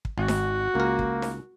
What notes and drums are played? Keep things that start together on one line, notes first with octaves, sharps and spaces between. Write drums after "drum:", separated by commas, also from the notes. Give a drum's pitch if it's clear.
drum: kick
G#1 F#4
drum: snare D#4
C#2 A#3 A#4
drum: kick
drum: snare D#4